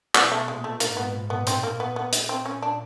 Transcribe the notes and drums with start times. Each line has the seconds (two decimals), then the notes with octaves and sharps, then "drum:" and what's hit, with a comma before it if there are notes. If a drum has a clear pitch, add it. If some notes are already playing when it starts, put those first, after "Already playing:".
0.15 B2 E3, drum: clap
0.32 A3
0.48 A#2 G#3
0.64 A3
0.80 G#2 A#3, drum: hi-hat
0.97 B3
1.30 B3
1.47 A#2 C4, drum: hi-hat
1.63 A#3
1.80 B3
1.96 B3
2.13 drum: hi-hat
2.29 C4
2.46 C#4
2.62 D4